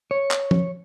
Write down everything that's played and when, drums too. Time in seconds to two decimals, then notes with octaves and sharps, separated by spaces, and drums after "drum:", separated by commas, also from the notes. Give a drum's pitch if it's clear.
0.11 C#5
0.31 drum: clap
0.51 drum: tom